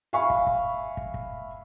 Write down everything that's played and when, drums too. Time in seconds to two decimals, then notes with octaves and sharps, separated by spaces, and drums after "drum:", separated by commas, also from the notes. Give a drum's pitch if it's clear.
0.13 E5 F5 G#5 B5 C#6
0.30 drum: kick
0.47 drum: kick
0.97 drum: kick
1.14 drum: kick